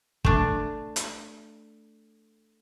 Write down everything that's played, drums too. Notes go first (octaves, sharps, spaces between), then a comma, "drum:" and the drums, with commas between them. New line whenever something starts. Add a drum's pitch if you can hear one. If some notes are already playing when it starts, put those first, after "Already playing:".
A3 D4, drum: kick
drum: hi-hat